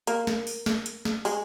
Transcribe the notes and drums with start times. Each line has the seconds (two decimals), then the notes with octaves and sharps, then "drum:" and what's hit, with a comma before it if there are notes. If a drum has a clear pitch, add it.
0.07 A#3, drum: hi-hat
0.27 drum: snare
0.47 drum: open hi-hat
0.66 drum: snare
0.86 drum: hi-hat
1.05 drum: snare
1.25 G#3, drum: open hi-hat